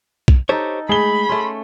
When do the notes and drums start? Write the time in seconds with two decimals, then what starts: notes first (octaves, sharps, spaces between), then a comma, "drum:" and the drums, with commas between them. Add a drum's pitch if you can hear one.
0.28 drum: kick B1
0.49 D#4 G4 A4 C5 C#5
0.89 G#3 A3 G#4 B5 G7
1.29 A3 C#4 C6